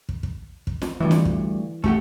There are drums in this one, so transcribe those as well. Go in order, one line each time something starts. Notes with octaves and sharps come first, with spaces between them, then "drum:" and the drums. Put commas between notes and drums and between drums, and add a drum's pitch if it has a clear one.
drum: kick
drum: kick
drum: kick
drum: snare
D2 G2 D3 E3
drum: snare
drum: kick
A3 G4 F#5, drum: kick